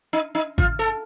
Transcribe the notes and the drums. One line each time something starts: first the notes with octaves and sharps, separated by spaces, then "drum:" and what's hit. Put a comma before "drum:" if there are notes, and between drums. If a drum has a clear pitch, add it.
D#4
D#4
F4, drum: kick G#1
A4